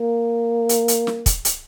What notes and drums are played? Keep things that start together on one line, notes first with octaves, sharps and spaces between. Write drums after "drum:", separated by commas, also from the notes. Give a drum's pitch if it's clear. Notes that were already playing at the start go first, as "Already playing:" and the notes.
Already playing: A#3
drum: hi-hat
drum: hi-hat
drum: snare
drum: kick, hi-hat
drum: hi-hat